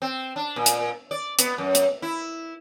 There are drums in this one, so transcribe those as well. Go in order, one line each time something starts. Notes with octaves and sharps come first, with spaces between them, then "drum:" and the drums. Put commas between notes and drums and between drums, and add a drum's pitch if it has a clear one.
C4
D4
A#2
drum: hi-hat
D5
B3, drum: hi-hat
F#2
drum: hi-hat
E4